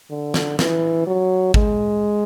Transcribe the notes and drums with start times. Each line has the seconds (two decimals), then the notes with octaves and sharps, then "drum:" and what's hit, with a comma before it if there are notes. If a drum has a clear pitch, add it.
0.11 D3
0.34 drum: snare
0.59 E3, drum: snare
1.07 F#3
1.54 G#3, drum: kick G#1